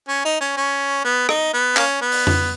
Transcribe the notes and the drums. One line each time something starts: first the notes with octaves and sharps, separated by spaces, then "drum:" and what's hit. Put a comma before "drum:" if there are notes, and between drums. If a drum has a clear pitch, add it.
C#4
D#4
C#4
C#4
B3
D#4, drum: rim click
B3
A#3 C#4, drum: clap
B3
drum: open hi-hat
drum: tom F2